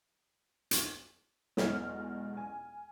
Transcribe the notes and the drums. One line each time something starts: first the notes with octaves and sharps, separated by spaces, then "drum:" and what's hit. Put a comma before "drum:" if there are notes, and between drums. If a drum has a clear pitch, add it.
drum: hi-hat
B1 E2 B2 G#3 F6, drum: snare
G#5